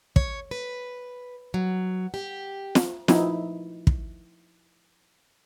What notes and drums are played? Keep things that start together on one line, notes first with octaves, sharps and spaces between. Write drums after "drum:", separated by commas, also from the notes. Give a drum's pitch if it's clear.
C#5, drum: kick
B4
F#3
G4
drum: snare
F3 D#4 E4, drum: snare
drum: kick